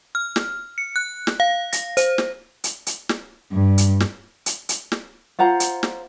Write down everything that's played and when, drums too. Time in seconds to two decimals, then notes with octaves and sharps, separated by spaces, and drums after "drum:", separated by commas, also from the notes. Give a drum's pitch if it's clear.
0.15 F6
0.36 drum: snare
0.78 C#7
0.96 F#6
1.27 drum: snare
1.40 F5
1.73 A#6, drum: hi-hat
1.97 C5, drum: hi-hat
2.18 drum: snare
2.64 drum: hi-hat
2.86 drum: hi-hat
3.09 drum: snare
3.52 G2
3.78 drum: hi-hat
4.00 drum: snare
4.46 drum: hi-hat
4.69 drum: hi-hat
4.92 drum: snare
5.39 F4 C5 F#5 A#5
5.60 drum: hi-hat
5.83 drum: snare